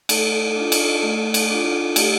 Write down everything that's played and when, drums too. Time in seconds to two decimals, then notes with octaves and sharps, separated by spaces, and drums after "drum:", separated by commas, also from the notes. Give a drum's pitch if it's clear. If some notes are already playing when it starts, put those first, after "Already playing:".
0.09 A3 A4, drum: cymbal
0.56 D4 F4
0.72 drum: cymbal
1.03 A3
1.34 drum: cymbal
1.50 D4 F4
1.96 A3 G4, drum: cymbal